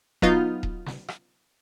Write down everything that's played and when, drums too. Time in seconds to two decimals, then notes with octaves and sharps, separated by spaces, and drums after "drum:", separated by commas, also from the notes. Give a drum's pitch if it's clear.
0.22 F#3 B3 D#4 F4, drum: kick D#1
0.63 drum: kick D#1
0.86 drum: snare
1.08 drum: rim click